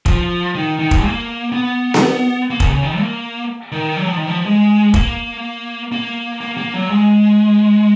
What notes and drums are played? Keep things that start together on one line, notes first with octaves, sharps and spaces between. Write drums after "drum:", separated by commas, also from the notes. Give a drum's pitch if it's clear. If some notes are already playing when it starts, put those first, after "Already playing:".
F3, drum: kick
D#3
D#3
drum: kick
A#3
B3
drum: snare B3
A#3
D#3, drum: kick
C#3
D#3
A#3
D#3
F#3
F3
D#3
F3
G#3
A#3, drum: kick
A#3
A#3
A#3
F#3
G#3